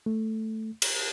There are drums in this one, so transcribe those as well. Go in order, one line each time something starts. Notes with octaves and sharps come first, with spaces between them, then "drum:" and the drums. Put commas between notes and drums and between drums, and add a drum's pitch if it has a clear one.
A3
drum: cymbal